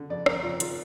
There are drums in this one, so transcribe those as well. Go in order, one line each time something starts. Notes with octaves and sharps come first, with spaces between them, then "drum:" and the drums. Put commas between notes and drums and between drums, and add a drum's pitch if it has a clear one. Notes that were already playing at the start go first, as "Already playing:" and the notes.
Already playing: D3
F2 D5
F2 A#4, drum: rim click
F2 F4
D#3 F4, drum: hi-hat